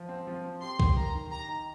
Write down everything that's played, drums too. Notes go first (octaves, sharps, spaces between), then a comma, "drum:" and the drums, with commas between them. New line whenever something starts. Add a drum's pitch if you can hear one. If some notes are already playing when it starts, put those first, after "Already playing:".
Already playing: F3
C4
F3
C4
G4 C6
G4, drum: kick C2
A#4 A#5
D#3
G4 A#5
D#4